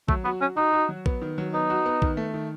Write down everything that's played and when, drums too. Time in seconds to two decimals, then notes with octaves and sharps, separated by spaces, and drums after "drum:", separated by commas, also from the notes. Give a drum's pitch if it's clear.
0.09 F#3 A3, drum: kick A#1
0.25 B3 F#4
0.41 C#4 F#4
0.57 D#4 F#4
0.73 F#4
0.89 F#3
1.06 B3, drum: kick A#1
1.22 D#3
1.38 F#3
1.54 B3 D#4
1.70 F#4
1.86 B3
2.02 D#3, drum: kick A#1
2.17 A3
2.34 D#3